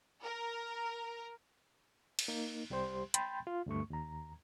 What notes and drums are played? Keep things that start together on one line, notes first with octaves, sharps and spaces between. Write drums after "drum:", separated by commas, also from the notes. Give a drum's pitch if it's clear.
A#4
drum: cymbal
A#3 D#4
C2 G3 G4 C5 C6
G5 B5 C6 G6 A6, drum: hi-hat
F4
D2 G2 A3 C#6
D#2 A#5